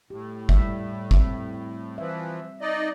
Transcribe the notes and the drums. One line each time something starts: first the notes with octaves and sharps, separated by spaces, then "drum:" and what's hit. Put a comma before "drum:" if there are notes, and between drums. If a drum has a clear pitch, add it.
A2 G4
G3 E5, drum: kick
C4 E5, drum: kick
E3 F3 E5
D#4 D5 D#5